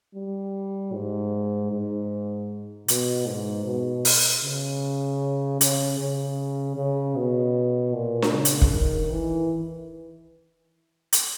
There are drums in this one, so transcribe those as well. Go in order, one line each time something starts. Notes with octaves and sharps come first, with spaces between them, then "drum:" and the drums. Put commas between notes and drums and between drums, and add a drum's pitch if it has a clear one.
G3
G#2
G#2
B2, drum: hi-hat
G#2
B2
drum: open hi-hat
C#3
C#3, drum: hi-hat
C#3
C#3
B2
A#2
drum: snare D4
C#3
drum: hi-hat
drum: kick
D#3
E3
drum: hi-hat